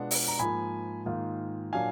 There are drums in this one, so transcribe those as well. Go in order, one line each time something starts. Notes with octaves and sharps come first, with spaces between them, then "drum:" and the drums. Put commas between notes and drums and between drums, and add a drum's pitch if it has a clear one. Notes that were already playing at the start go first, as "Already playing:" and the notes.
Already playing: B2 G#3 B3 D4 F4 F#5
drum: open hi-hat
A#5
G#2 F3 A#3 G#5 B5
G#2 D#3 A#3 F4
A#2 F#3 A#3 D4 F5 G#5